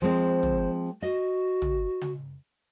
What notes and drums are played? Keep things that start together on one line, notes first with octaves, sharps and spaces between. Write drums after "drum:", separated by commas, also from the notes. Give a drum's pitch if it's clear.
F3 G#3 C4 C5
drum: tom
F#4 D#5
drum: tom
drum: tom C#3